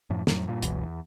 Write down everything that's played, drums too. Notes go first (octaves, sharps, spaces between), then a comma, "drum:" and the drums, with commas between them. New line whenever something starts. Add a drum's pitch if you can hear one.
F#2 A2 F3
F2 A2 F#3, drum: snare
G2 A#2
F#1 C#2 B2 E3, drum: hi-hat
E2